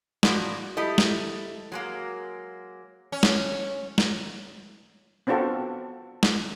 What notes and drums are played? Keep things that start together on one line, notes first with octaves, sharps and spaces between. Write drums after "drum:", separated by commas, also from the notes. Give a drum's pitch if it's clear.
A2 F3 A#3 F#4 D5, drum: snare
E4 G4 A4 D#5
drum: snare
F#3 G#3 A#3
C#4
drum: snare
drum: snare
B3 C4 D4 F4 F#4 A4
drum: snare